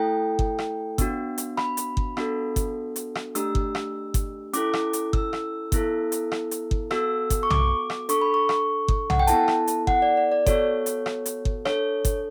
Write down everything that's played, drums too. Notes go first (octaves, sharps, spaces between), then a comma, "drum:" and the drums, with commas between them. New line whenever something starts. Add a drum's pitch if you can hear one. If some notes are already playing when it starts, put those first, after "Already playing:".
Already playing: A3 E4 A4 G5
drum: kick G1
drum: rim click
B3 D4 F#4, drum: kick G1, hi-hat
drum: hi-hat
B5, drum: rim click
drum: hi-hat
drum: kick G1
B3 D4 F#4 A4, drum: rim click
drum: kick G1, hi-hat
drum: hi-hat
drum: rim click
A3 D4 G4 E6, drum: hi-hat
drum: kick G1
drum: rim click
drum: kick G1, hi-hat
C#4 E4 A4 D6, drum: hi-hat
drum: rim click
drum: hi-hat
E6, drum: kick G1
drum: rim click
B3 E4 A4, drum: kick G1, hi-hat
drum: hi-hat
drum: rim click
drum: hi-hat
drum: kick G1
B3 F#4 A4 E6, drum: rim click
drum: kick G1, hi-hat
C#6
D6, drum: tom B1
drum: rim click
D4 A4 C#6, drum: hi-hat
B5
C#6
drum: rim click
drum: kick G1
F#5, drum: tom B1
G5
B3 E4 A4 A5, drum: hi-hat
drum: rim click
drum: hi-hat
F#5, drum: kick G1
D5
D5
D5
B3 F#4 A4 C#5, drum: kick G1, hi-hat
drum: hi-hat
drum: rim click
drum: hi-hat
drum: kick G1
D4 A4 C#5, drum: rim click
drum: kick G1, hi-hat